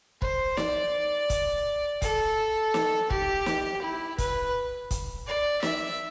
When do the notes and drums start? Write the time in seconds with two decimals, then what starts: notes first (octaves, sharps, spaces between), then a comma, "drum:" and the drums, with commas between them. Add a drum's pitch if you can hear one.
0.22 C5, drum: kick
0.57 D5, drum: snare
1.30 drum: kick, hi-hat
2.02 A4, drum: kick, hi-hat
2.74 drum: snare
3.10 G4, drum: kick
3.46 drum: snare
3.82 E4
4.18 B4, drum: kick, hi-hat
4.91 drum: kick, hi-hat
5.27 D5
5.63 E5, drum: snare